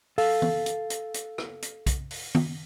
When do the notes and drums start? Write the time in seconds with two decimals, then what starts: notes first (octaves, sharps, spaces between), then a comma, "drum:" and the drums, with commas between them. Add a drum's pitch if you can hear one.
0.18 A4 F5, drum: open hi-hat
0.42 drum: tom E3
0.66 drum: hi-hat
0.90 drum: hi-hat
1.14 drum: hi-hat
1.38 drum: rim click
1.62 drum: hi-hat
1.86 drum: kick B1, hi-hat
2.11 drum: open hi-hat
2.35 drum: tom